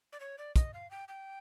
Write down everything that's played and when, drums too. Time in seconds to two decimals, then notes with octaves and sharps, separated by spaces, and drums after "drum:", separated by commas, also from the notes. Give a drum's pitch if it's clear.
0.13 D5
0.20 C#5
0.38 D5
0.56 D#5, drum: kick, hi-hat
0.74 F5
0.91 G5
1.08 G5